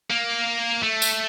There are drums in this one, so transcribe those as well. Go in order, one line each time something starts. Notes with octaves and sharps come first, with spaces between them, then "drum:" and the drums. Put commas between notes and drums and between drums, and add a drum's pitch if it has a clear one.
A#3
A3
drum: tambourine